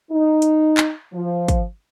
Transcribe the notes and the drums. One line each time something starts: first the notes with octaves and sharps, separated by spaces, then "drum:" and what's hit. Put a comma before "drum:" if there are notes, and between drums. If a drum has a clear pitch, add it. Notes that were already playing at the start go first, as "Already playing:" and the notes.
D#4
drum: hi-hat
drum: clap
F3
drum: kick, hi-hat